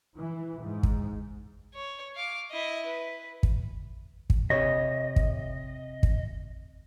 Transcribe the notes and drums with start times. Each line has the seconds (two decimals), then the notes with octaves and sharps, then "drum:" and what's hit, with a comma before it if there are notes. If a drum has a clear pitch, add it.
0.17 E3
0.62 G#2
0.83 drum: kick
1.74 C#5
2.15 F5 D6
2.51 E4 D#5
2.86 B4
3.43 drum: kick
4.30 drum: kick
4.50 C3 C#5 D#5
5.16 drum: kick
6.03 drum: kick